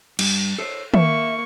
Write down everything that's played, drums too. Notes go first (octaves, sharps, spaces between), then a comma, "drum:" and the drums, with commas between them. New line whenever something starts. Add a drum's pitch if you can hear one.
G2, drum: cymbal
A4 C5 C#5
A#3 E5 C#6, drum: tom D#3